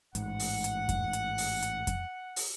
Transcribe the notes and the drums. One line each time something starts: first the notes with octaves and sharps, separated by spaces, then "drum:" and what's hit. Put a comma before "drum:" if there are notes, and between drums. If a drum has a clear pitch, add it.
A1 G#2 F#5, drum: hi-hat
drum: open hi-hat
drum: hi-hat
drum: kick F2, hi-hat
drum: hi-hat
drum: open hi-hat
drum: hi-hat
drum: kick F2, hi-hat
drum: open hi-hat